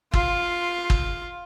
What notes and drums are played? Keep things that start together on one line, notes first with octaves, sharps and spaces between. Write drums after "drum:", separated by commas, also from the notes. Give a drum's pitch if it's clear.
F4, drum: kick
drum: kick